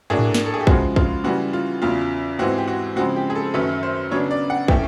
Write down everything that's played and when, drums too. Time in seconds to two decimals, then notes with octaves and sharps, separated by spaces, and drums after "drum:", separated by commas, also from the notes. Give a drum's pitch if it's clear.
0.10 A2 F#3 A#3 D4 G#4
0.19 drum: tom G#2
0.34 drum: snare
0.46 A4
0.54 G#4
0.60 G4
0.67 C#3 F3 G#3 F#4, drum: kick
0.96 F4, drum: kick
1.24 C#3 E3 G3 F#4
1.53 F4
1.82 E2 C#3 F#3 F4
2.39 G#2 E3 G#3 C4 F#4
2.58 G4
2.68 F#4
2.96 C#3 F3 G#3 C4 F#4
3.16 G4
3.30 G#4
3.35 A4
3.54 F#2 D#3 F#3 A3 C#4 B4
3.83 C5
4.11 C#3 F#3 B3 D4 C#5
4.31 D5
4.50 F#5
4.68 A2 E3 A3 C#4 G5, drum: kick